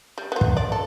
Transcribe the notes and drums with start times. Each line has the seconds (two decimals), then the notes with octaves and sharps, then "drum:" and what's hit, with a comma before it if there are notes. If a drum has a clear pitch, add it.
0.18 G3
0.32 B3 F4
0.41 drum: kick
0.57 D5
0.72 A4